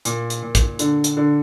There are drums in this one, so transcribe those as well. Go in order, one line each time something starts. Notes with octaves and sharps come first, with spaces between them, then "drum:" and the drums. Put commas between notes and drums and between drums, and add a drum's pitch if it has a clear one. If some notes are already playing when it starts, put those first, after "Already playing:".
A#2, drum: hi-hat
drum: hi-hat
A#2
drum: kick, hi-hat
D3, drum: hi-hat
drum: hi-hat
D3